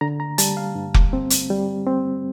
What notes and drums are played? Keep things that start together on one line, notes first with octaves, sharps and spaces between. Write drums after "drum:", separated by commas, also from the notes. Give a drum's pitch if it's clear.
D3 A#5
A#5
G3 A5, drum: hi-hat
F5
G2
drum: kick F1
C4
drum: hi-hat
G3
C4